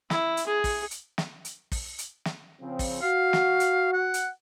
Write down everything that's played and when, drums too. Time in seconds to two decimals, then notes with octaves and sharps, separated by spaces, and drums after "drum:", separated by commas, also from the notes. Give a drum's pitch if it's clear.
0.10 E4, drum: snare
0.37 drum: hi-hat
0.47 G#4
0.64 drum: kick, open hi-hat
0.91 drum: hi-hat
1.18 drum: snare
1.45 drum: hi-hat
1.72 drum: kick, open hi-hat
1.98 drum: hi-hat
2.25 drum: snare
2.61 C#3 F3 C4
2.79 drum: kick, open hi-hat
3.02 F#4 F5
3.33 drum: snare
3.60 drum: hi-hat
3.93 F#5
4.14 drum: hi-hat